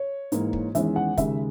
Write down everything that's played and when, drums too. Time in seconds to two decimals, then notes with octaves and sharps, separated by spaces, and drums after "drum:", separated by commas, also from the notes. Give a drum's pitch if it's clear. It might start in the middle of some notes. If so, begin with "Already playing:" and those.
Already playing: C#5
0.32 G#2 E3 A#3, drum: hi-hat
0.53 drum: kick
0.75 E2 D#3 G#3 C#4 E5, drum: hi-hat
0.96 F#5
1.17 D#2 C#3 G#3 E5, drum: kick, hi-hat